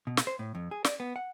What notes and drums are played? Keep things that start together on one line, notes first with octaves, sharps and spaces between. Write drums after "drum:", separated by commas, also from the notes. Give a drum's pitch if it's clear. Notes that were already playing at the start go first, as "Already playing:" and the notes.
B2
drum: snare
C5
A2
F2
G#4
D5, drum: snare
B3
F#5